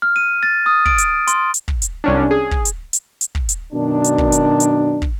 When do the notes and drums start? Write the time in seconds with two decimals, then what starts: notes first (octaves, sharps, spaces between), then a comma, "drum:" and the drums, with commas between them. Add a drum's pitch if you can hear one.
0.02 F6
0.16 D#7
0.43 A6
0.66 D#6
0.86 D7, drum: kick
0.98 drum: hi-hat
1.27 C6, drum: hi-hat
1.54 drum: hi-hat
1.68 drum: kick
1.82 drum: hi-hat
2.04 C2 C#4 D4
2.31 G#4
2.51 drum: kick
2.65 drum: hi-hat
2.93 drum: hi-hat
3.21 drum: hi-hat
3.35 drum: kick
3.49 drum: hi-hat
3.73 F#2 B2 D#3 D4
4.04 drum: hi-hat
4.18 drum: kick
4.32 drum: hi-hat
4.60 drum: hi-hat
5.02 drum: kick